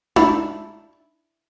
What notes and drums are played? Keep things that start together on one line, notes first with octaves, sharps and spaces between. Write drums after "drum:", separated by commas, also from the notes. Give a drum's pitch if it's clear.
D4 E4, drum: tom D#4